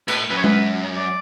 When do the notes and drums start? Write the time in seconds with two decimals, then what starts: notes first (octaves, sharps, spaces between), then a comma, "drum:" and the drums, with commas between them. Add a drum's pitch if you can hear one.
0.08 A2 B4, drum: cymbal
0.30 F#2 B4
0.37 C#5
0.44 B4, drum: tom G#3
0.96 D5